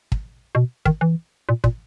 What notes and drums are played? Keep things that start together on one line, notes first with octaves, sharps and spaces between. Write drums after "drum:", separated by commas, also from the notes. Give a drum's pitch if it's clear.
drum: kick
B2
D#3, drum: kick
E3
A#2
A#2, drum: kick